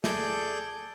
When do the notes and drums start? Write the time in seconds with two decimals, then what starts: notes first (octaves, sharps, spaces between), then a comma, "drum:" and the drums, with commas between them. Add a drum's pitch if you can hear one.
0.04 G#4 A4 D5 G6, drum: snare